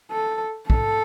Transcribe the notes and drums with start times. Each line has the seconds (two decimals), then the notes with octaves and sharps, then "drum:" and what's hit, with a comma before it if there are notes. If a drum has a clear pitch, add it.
0.11 A4
0.70 A4, drum: kick